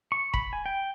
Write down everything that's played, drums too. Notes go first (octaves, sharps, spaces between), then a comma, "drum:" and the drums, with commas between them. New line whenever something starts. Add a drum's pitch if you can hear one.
C#6
B5, drum: kick
G#5
G5